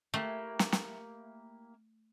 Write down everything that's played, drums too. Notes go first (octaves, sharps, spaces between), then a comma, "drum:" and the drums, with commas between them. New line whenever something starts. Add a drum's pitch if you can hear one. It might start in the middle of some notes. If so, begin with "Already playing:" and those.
A3 A#3 E4 G4
drum: snare
drum: snare